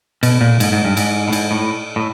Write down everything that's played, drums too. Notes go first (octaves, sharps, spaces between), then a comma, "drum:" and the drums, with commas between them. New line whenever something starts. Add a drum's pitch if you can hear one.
B2, drum: cymbal
A#2
G#2, drum: cymbal
G#2
G2
G#2, drum: cymbal
A2
G#2, drum: cymbal
A2
A2